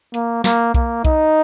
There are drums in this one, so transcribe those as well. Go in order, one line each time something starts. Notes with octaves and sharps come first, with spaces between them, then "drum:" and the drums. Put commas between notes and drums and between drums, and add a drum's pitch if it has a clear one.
A#3, drum: hi-hat
A#3, drum: snare
A#3, drum: kick, hi-hat
D#4, drum: kick, hi-hat